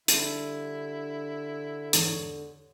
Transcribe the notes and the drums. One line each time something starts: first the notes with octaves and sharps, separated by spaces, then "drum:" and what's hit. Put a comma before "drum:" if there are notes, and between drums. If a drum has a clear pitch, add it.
D3 G3 D4 E4 C6, drum: hi-hat
E2 G#2 C#5 D#5, drum: hi-hat